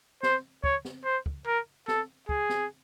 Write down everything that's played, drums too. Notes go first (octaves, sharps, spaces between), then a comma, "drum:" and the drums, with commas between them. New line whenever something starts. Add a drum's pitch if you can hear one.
C5, drum: snare
C#5, drum: kick
drum: snare
C5
drum: kick
A#4
A4, drum: snare
G#4, drum: kick
drum: snare